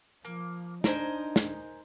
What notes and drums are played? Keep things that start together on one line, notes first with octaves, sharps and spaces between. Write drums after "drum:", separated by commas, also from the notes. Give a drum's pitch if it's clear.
F3 A#3
D4 D#4 A#4 C5 G#5, drum: snare
drum: snare